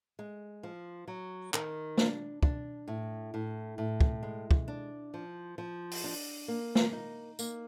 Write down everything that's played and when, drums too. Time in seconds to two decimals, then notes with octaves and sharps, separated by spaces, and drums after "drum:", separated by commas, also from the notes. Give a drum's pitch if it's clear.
0.19 G#3
0.63 F3
1.08 F#3
1.54 D#3, drum: clap
1.98 D4, drum: snare
2.43 D4, drum: kick
2.88 A2
3.34 A2
3.78 A2
4.01 drum: kick
4.23 G#3
4.51 drum: kick
4.68 D4
5.14 F3
5.58 F3
5.91 drum: open hi-hat
6.04 D4
6.48 A#3
6.75 drum: snare
6.93 D#4
7.39 A#3, drum: tambourine